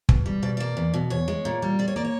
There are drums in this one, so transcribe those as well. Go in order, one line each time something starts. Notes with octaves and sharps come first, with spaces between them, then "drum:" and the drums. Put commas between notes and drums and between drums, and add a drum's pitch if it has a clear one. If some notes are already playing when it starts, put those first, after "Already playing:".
B2, drum: kick
G3
B2 D5
A#3 D5
E2
B2
E2 C#5
G#3
A#2
G3
A#2 D5
C#5
A#3 D5
C#5